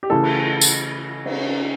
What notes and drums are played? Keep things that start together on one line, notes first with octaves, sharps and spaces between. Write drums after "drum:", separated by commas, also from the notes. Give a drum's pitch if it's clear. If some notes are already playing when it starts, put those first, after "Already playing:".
G4
C#3 E3 A3 A4
drum: cymbal
drum: tambourine
drum: cymbal